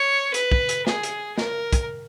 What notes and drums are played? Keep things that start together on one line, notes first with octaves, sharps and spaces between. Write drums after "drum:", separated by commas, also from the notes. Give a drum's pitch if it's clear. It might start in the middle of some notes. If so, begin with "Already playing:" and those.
Already playing: C#5
B4, drum: hi-hat
drum: kick
drum: hi-hat
G#4, drum: snare
drum: hi-hat
A#4, drum: snare
drum: kick, hi-hat